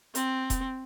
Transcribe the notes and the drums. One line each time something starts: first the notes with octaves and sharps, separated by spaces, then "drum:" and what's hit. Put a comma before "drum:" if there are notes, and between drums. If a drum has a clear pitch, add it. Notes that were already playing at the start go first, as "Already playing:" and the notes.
C4, drum: hi-hat
drum: kick E1, hi-hat